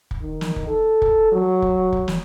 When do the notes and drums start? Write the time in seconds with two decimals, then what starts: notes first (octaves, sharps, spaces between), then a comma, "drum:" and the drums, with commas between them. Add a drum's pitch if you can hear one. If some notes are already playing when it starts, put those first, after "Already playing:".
0.11 drum: kick
0.21 D#3
0.41 drum: snare
0.56 drum: kick
0.68 A4
1.02 drum: kick
1.32 F#3
1.62 drum: kick
1.93 drum: kick
2.08 drum: snare